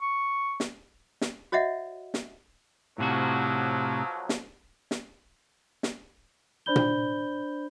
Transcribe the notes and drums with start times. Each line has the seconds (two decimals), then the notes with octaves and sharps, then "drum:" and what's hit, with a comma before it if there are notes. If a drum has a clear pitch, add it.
0.01 C#6
0.60 drum: snare
1.21 drum: snare
1.52 F#4 C#5 D#5 E5 F#5
2.14 drum: snare
2.98 B1 A2 C3 F3 F#3 F#4
4.29 drum: snare
4.91 drum: snare
5.83 drum: snare
6.66 D4 C5 D5 B5 G6 G7
6.76 drum: tom A#2